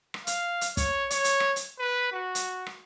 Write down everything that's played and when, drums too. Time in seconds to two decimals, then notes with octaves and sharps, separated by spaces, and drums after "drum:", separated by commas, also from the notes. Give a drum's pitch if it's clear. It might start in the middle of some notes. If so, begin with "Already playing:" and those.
0.14 drum: rim click
0.27 F5, drum: hi-hat
0.61 drum: hi-hat
0.77 C#5, drum: kick, hi-hat
1.11 C#5, drum: hi-hat
1.24 drum: hi-hat
1.40 drum: rim click
1.56 drum: hi-hat
1.79 B4
2.12 F#4
2.35 drum: hi-hat
2.66 drum: rim click